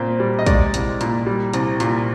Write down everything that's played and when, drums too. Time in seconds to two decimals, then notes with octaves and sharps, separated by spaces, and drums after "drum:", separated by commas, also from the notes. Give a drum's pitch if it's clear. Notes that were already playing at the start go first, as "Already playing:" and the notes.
Already playing: A#2 C4 C5
0.20 G3
0.39 D#5
0.46 G#3 D5, drum: kick, hi-hat
0.74 C2, drum: hi-hat
1.01 A#2, drum: hi-hat
1.26 G3
1.53 C2, drum: hi-hat
1.80 A#2, drum: hi-hat